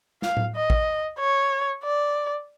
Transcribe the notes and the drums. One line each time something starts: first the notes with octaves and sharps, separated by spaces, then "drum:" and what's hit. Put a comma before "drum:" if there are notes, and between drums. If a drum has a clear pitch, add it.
F5, drum: snare
drum: tom A2
D#5
drum: kick
C#5
D5